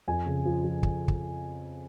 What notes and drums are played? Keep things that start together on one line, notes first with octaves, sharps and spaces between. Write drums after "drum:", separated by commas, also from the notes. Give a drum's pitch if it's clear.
F2 G#5
C#3
F3
F3
drum: kick
drum: kick